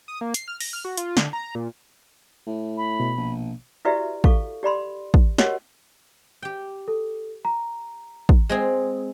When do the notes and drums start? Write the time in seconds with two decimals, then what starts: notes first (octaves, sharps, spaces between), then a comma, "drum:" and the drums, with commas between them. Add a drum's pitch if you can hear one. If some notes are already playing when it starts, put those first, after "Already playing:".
0.08 D#6
0.21 A#3
0.34 C7, drum: hi-hat
0.48 F6
0.60 A#6, drum: open hi-hat
0.73 F6
0.85 F#4
0.97 F4, drum: hi-hat
1.17 D3, drum: snare
1.33 A#5
1.55 A#2
2.46 A2
2.77 B5
3.00 B2
3.17 A#1
3.85 E4 F#4 G4 B4 D5 E5
4.24 A4 F5 C#6, drum: kick
4.63 G4 D5 B5 C6
5.14 drum: kick
5.38 F#4 G4 A#4 C#5 D#5 F#5, drum: snare
6.42 G4 G5
6.88 A4
7.45 A#5
8.29 drum: kick
8.49 G#3 C4 G#4